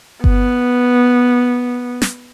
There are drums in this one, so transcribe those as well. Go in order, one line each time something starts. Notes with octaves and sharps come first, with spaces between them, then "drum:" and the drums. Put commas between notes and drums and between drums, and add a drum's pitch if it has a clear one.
B3, drum: kick G1
drum: snare